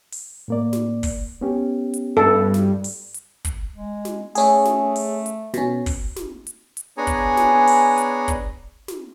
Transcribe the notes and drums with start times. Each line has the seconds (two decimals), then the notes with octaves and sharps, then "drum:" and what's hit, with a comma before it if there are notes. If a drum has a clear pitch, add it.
0.12 drum: open hi-hat
0.48 A2 A#3 D5
0.73 drum: snare
1.03 drum: kick, open hi-hat
1.41 B3 C#4 G4
1.94 drum: hi-hat
2.17 G2 A4
2.54 drum: snare
2.84 drum: open hi-hat
3.14 drum: hi-hat
3.45 drum: kick, hi-hat
3.75 G#3
4.05 drum: snare
4.35 A3 C#4 G#4, drum: open hi-hat
4.65 drum: snare
4.96 drum: open hi-hat
5.26 drum: hi-hat
5.54 B2 C#4, drum: snare
5.86 drum: kick, open hi-hat
6.16 drum: snare
6.47 drum: hi-hat
6.77 drum: hi-hat
6.97 B3 D4 G#4 C#5 G#5 A#5
7.07 drum: kick, hi-hat
7.37 drum: snare
7.67 drum: open hi-hat
7.98 drum: hi-hat
8.28 drum: kick, hi-hat
8.88 drum: snare